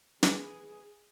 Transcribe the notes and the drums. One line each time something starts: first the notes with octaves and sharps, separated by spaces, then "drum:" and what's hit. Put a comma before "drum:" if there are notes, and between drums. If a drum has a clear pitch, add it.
G#4 B4, drum: snare